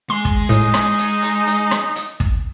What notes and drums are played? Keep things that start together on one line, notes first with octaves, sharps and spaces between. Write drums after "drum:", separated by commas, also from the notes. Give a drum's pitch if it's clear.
G#3 C6
drum: kick
A2 D#4, drum: hi-hat
drum: rim click
drum: hi-hat
drum: hi-hat
drum: hi-hat
drum: rim click
drum: hi-hat
drum: kick